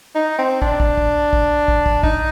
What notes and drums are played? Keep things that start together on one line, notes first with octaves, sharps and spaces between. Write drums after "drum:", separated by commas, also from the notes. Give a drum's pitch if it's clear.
D#4
C4
D4, drum: kick
drum: kick
drum: kick
drum: kick
drum: kick
drum: kick
D#4, drum: kick